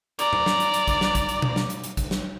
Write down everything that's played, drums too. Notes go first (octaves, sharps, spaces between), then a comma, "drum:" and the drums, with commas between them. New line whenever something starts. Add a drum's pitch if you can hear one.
D5 A#5, drum: hi-hat
drum: tom G#2
drum: snare
drum: hi-hat
drum: hi-hat
drum: kick A1, hi-hat
drum: snare
drum: kick A1, hi-hat
drum: hi-hat
drum: tom B2
drum: snare
drum: hi-hat
drum: hi-hat
drum: kick A1, hi-hat
drum: snare